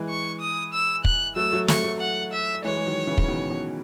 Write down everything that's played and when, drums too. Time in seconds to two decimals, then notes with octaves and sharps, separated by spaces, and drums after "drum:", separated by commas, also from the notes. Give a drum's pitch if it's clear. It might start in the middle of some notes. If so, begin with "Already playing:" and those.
Already playing: E3 G#3
0.09 C#6
0.41 D#6
0.73 E6
1.05 F#6, drum: kick
1.36 F#3 A3 E6
1.52 F#3 A3
1.68 F#3 A3 C#6, drum: snare
1.84 F#3 A3
2.00 F#5
2.32 E5
2.64 E3 G#3 C#5
2.77 G#3
2.86 D#3 F#3
3.07 C#3 E3
3.18 drum: kick
3.28 B2 D#3
3.50 B2 D#3